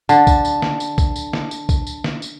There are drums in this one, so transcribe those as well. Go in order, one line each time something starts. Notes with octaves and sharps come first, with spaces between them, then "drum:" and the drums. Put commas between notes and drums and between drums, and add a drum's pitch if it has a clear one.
D3 A5, drum: tambourine
drum: kick, tambourine
drum: tambourine
drum: snare
drum: tambourine
drum: kick, tambourine
drum: tambourine
drum: snare
drum: tambourine
drum: kick, tambourine
drum: tambourine
drum: snare
drum: tambourine